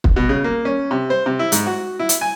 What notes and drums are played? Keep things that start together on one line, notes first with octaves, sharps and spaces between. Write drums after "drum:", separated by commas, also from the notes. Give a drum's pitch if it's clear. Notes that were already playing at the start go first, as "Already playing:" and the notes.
drum: kick
B2
C#3
A#3
C#4
C3
C5
C3
E4
G#2, drum: hi-hat
F#4
E4
drum: hi-hat
G#5